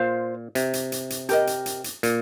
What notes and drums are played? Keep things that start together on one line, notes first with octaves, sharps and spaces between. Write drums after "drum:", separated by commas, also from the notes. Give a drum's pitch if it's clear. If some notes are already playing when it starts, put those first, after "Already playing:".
Already playing: A#2 F4 C5 F5
C3, drum: hi-hat
drum: hi-hat
drum: hi-hat
drum: hi-hat
G4 A#4 D#5, drum: hi-hat
drum: hi-hat
drum: hi-hat
drum: hi-hat
A#2, drum: hi-hat